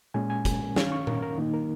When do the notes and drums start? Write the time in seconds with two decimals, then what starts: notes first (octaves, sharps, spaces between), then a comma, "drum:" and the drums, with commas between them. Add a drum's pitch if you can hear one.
0.14 A#2 G#3 C#4 G#5
0.30 G#5
0.45 drum: kick, hi-hat
0.76 D#3 C#4 F5, drum: snare
0.92 C#6
1.07 A#4, drum: tom A#2
1.22 A#4
1.38 D#3 A#3 D#4
1.54 A#4